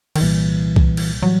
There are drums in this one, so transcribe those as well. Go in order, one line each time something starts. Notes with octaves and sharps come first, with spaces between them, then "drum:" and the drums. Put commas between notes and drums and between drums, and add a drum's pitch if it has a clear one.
D#3, drum: cymbal
C2 A#2 E3 G3
drum: kick C2
drum: cymbal
A2 E3 F#3 G3